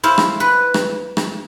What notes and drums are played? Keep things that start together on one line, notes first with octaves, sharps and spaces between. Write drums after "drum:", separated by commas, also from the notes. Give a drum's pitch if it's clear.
E4 C5 F5
drum: rim click
B4
drum: rim click
drum: rim click